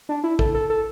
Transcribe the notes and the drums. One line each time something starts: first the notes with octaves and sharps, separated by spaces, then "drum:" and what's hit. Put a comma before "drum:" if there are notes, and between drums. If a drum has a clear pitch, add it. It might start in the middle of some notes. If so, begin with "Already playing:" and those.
D4
E4
A4, drum: kick A1
A4
A4